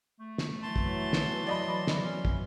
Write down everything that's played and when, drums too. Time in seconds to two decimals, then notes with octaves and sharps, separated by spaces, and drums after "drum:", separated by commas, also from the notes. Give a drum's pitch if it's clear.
0.20 A3
0.38 drum: snare
0.62 E3 F#3 A5 C6
0.76 drum: kick
1.13 drum: snare
1.47 D5 D#5 B5
1.87 drum: snare
2.04 C#4 C6
2.25 drum: kick